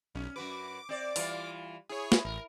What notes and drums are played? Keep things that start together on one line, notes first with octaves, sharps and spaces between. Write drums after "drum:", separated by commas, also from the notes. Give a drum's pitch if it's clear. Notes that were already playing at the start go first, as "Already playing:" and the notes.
B1 C#4
F#2 F#4 B4 D6
C4 D5
E3 G3 F4, drum: open hi-hat
E4 G#4 C#5
drum: snare
A1 A#4